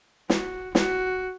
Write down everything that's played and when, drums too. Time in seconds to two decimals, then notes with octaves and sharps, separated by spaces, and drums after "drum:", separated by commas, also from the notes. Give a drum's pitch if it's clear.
0.30 F#4, drum: snare
0.75 F#4, drum: snare